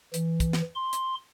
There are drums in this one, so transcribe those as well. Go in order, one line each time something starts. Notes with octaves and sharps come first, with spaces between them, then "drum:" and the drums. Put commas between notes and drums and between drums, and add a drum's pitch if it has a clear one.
E3, drum: hi-hat
drum: kick, hi-hat
drum: snare
C6
drum: hi-hat